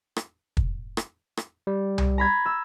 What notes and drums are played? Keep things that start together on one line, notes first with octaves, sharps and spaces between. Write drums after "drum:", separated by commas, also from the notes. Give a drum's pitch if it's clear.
drum: rim click
drum: kick
drum: rim click
drum: rim click
G3
drum: tom C2
A#5 B5 G#6
E6